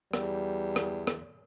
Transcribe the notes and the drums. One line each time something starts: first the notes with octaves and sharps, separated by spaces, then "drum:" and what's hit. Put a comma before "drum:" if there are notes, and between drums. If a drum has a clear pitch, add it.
E2 G3, drum: rim click
drum: rim click
drum: rim click